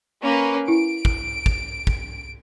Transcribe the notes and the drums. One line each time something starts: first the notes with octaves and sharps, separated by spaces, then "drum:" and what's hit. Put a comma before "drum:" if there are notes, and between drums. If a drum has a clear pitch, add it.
A#3 C#4 B4
E4 D7
drum: kick
drum: kick
drum: kick